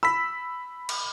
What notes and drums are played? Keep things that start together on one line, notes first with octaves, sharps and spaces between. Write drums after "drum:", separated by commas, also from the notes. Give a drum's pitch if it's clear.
B5 E6 B6
drum: cymbal